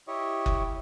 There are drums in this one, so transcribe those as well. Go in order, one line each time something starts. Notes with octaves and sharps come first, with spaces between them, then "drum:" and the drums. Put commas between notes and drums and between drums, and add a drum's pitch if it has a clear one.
E4 G4 C#5 D#5
drum: kick F#1